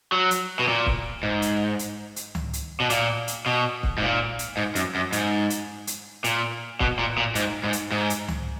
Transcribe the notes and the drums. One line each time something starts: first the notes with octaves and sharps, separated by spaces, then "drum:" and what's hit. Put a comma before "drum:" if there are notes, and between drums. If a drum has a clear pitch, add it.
F#3
drum: hi-hat
B2
A#2
drum: kick
G#2
drum: hi-hat
drum: hi-hat
drum: hi-hat
drum: tom C#2
drum: hi-hat
B2
A#2, drum: hi-hat
drum: hi-hat
B2
drum: kick
G#2
A#2
drum: hi-hat
G#2
F#2, drum: hi-hat
F#2
G#2, drum: hi-hat
drum: hi-hat
drum: hi-hat
A#2, drum: hi-hat
B2, drum: kick
A#2
A#2
G#2, drum: hi-hat
G#2
drum: hi-hat
G#2
drum: hi-hat
drum: tom C#2